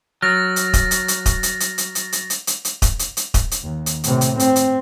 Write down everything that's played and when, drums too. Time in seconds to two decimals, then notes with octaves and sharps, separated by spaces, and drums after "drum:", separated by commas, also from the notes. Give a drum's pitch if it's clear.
0.22 F#3 F6 A6 A#6
0.56 drum: hi-hat
0.73 drum: kick D#1, hi-hat
0.91 drum: hi-hat
1.08 drum: hi-hat
1.26 drum: kick D#1, hi-hat
1.43 drum: hi-hat
1.60 drum: hi-hat
1.78 drum: hi-hat
1.95 drum: hi-hat
2.12 drum: hi-hat
2.30 drum: hi-hat
2.47 drum: hi-hat
2.65 drum: hi-hat
2.82 drum: kick D#1, hi-hat
2.99 drum: hi-hat
3.17 drum: hi-hat
3.34 drum: kick D#1, hi-hat
3.51 drum: hi-hat
3.63 D#2
3.86 drum: hi-hat
4.04 A2 C3, drum: hi-hat
4.21 drum: hi-hat
4.40 C4, drum: hi-hat
4.56 drum: hi-hat